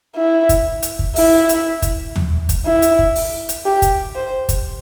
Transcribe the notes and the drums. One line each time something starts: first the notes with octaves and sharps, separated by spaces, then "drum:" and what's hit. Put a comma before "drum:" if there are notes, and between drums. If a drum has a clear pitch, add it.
E4
drum: kick, hi-hat
drum: hi-hat
drum: kick
E4, drum: open hi-hat
drum: hi-hat
drum: kick, hi-hat
drum: tom D#2
drum: kick, hi-hat
E4
drum: hi-hat
drum: kick
drum: open hi-hat
drum: hi-hat
G4
drum: kick, hi-hat
C5
drum: kick, hi-hat